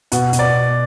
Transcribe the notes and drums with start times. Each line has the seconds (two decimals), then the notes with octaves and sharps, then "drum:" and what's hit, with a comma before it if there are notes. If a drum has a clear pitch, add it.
0.12 B2 F#5, drum: hi-hat
0.33 B2, drum: hi-hat
0.39 D5